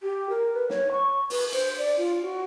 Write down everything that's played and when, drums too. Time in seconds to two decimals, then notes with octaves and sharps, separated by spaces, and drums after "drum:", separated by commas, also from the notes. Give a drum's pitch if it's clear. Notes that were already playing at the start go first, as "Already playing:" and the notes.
0.02 G4
0.30 A#4
0.54 B4
0.70 C#5, drum: snare
0.92 C#6
1.30 B4, drum: open hi-hat
1.53 C5, drum: cymbal
1.78 D5
1.98 F4
2.22 F#4